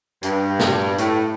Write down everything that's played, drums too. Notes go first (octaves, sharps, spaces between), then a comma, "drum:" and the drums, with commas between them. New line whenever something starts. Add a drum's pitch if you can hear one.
G2, drum: hi-hat
drum: snare
A2, drum: hi-hat